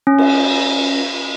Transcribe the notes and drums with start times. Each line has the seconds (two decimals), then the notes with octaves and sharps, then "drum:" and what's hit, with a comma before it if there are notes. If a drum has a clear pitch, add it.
0.07 C#4
0.18 drum: cymbal